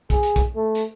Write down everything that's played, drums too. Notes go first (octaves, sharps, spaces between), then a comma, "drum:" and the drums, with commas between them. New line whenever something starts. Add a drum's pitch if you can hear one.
G#4, drum: kick, hi-hat
drum: hi-hat
drum: kick, hi-hat
A3
drum: hi-hat